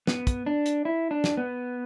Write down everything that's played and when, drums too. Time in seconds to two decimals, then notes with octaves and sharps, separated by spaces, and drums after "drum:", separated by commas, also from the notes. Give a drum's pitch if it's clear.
0.07 B3, drum: snare
0.27 drum: kick, hi-hat
0.46 D4
0.66 drum: hi-hat
0.85 E4
1.11 D4
1.24 drum: snare
1.37 B3